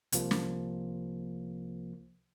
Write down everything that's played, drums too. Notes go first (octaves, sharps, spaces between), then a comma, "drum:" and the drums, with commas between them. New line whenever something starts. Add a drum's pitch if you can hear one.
C2 C3 F3 A#3, drum: hi-hat
drum: snare